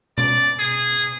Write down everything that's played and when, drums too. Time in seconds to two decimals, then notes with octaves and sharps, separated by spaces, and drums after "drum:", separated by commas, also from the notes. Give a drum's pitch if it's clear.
0.18 D5, drum: tom B2
0.59 G#4